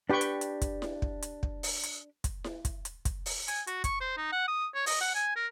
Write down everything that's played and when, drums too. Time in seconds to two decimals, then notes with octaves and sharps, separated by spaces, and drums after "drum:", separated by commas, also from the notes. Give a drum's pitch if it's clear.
0.10 D4 G4 B4 G5 C#6
0.21 drum: hi-hat
0.41 drum: hi-hat
0.62 drum: kick, hi-hat
0.82 drum: snare E4
1.02 drum: kick
1.22 drum: hi-hat
1.43 drum: kick
1.63 drum: open hi-hat
1.83 drum: hi-hat
2.24 drum: kick, hi-hat
2.44 drum: snare E4
2.65 drum: kick, hi-hat
2.85 drum: hi-hat
3.05 drum: kick, hi-hat
3.26 drum: open hi-hat
3.48 G#5, drum: hi-hat
3.67 F#4, drum: hi-hat
3.84 C#6, drum: kick, hi-hat
4.00 C5
4.17 D#4
4.32 F#5
4.48 D#6
4.74 C#5
4.86 D#5, drum: open hi-hat
5.01 F#5
5.15 G#5
5.36 A#4